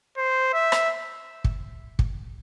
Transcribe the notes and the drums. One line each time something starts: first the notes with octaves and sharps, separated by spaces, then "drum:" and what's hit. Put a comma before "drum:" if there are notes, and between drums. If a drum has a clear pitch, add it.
C5
E5
drum: rim click
drum: kick
drum: kick